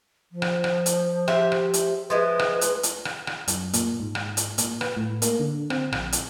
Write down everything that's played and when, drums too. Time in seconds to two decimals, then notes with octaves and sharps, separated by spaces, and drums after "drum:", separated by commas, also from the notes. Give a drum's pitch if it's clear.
0.32 F3
0.42 drum: rim click
0.64 drum: rim click
0.86 drum: hi-hat
1.28 G4 C5 E5, drum: rim click
1.52 drum: rim click
1.74 drum: hi-hat
2.10 F3 G#3 E4 B4
2.39 drum: rim click
2.61 drum: hi-hat
2.83 drum: hi-hat
3.05 drum: rim click
3.27 drum: rim click
3.48 F#2, drum: hi-hat
3.73 A#2, drum: hi-hat
4.00 G#2
4.15 drum: rim click
4.37 drum: hi-hat
4.58 A#2, drum: hi-hat
4.81 B4, drum: rim click
4.97 A2
5.22 A#3, drum: hi-hat
5.39 D3
5.70 C4, drum: rim click
5.92 A#1, drum: rim click
6.12 drum: hi-hat